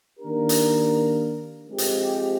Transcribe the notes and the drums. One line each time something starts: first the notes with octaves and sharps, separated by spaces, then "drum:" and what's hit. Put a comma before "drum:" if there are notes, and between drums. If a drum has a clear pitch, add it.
D#3 A#3 D4 G4 A#4
drum: hi-hat
F3 G#3 C4 G4
drum: hi-hat